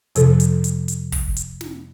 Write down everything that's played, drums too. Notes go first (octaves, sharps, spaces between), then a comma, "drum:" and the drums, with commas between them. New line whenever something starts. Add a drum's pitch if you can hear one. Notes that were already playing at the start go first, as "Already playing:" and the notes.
F2 C3 F3 A4, drum: hi-hat
drum: hi-hat
drum: hi-hat
drum: hi-hat
drum: kick, open hi-hat
drum: hi-hat
drum: snare